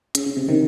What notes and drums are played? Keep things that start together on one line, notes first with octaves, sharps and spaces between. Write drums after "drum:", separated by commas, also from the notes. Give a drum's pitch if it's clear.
C#3, drum: hi-hat
C#3
C3
C3 D#3